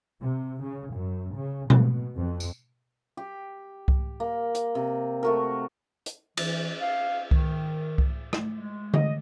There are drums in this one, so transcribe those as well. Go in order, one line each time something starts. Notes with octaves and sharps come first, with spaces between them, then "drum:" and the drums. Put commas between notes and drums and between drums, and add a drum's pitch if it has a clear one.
C3
C#3
F#2
C#3
B2, drum: tom B2
F2
drum: tambourine
G4
drum: kick C2
A#3
drum: hi-hat
C3
A3 F#4 A#4
drum: hi-hat
E3, drum: cymbal
F5
D#3, drum: kick C2
drum: kick C2
drum: rim click
G#3
D#5, drum: tom D3